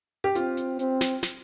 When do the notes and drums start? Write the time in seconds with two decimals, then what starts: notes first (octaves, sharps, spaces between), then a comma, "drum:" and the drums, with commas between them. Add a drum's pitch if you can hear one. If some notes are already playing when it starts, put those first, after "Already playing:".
0.24 G4
0.35 C4 F4, drum: hi-hat
0.57 drum: hi-hat
0.79 C4, drum: hi-hat
1.01 drum: snare
1.23 drum: snare